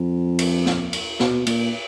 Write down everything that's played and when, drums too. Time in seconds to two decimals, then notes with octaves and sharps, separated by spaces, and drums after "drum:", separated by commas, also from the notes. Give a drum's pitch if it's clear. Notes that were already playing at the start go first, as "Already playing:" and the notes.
Already playing: F2
0.39 drum: cymbal
0.66 drum: snare
0.93 drum: cymbal
1.19 B2, drum: snare
1.47 A#2, drum: cymbal